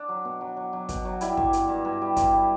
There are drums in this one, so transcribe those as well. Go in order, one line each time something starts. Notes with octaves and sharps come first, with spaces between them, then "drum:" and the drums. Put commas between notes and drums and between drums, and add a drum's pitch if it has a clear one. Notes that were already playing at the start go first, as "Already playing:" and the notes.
Already playing: D4
F#3
B2
F#3
F#3
F#3
B2, drum: kick, hi-hat
F#3
G3 E4, drum: hi-hat
G2, drum: kick
G2, drum: hi-hat
G2
G2
G3
G2, drum: kick, hi-hat
G3